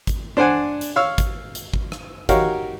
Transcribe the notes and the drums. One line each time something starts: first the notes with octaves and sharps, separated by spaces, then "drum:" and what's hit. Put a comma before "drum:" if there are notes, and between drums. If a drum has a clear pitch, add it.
drum: kick G#1, hi-hat
D4 C5 D5 F#5 G#5
drum: hi-hat
C#5 F5 E6 F6
drum: kick G#1, hi-hat
drum: hi-hat
drum: kick G#1
drum: rim click
D#4 F#4 G4 A#4 C#5 F5, drum: kick G#1, hi-hat